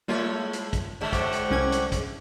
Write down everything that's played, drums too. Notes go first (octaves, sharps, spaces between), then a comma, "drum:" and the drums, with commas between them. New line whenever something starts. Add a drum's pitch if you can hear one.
A2 G3 G#3 A#3 F4 C#5
drum: hi-hat
drum: kick, hi-hat
A2 D3 G#3
G4 C5 F#5 C#6, drum: kick, hi-hat
drum: hi-hat
C2 C#4 G#6
drum: hi-hat
drum: kick, hi-hat